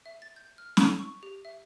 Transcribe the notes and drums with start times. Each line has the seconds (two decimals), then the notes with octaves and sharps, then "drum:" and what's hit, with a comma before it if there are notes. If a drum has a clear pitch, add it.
0.06 E5
0.22 A6
0.36 G6
0.58 F6
0.77 E6, drum: snare
0.99 C#6
1.23 G4
1.45 E5